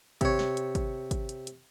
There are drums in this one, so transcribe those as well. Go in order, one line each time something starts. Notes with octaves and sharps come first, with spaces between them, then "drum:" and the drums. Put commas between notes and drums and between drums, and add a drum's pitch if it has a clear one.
C3 C#5, drum: kick G#1, hi-hat
drum: snare
drum: hi-hat
drum: kick G#1, hi-hat
drum: kick G#1, hi-hat
drum: hi-hat
drum: hi-hat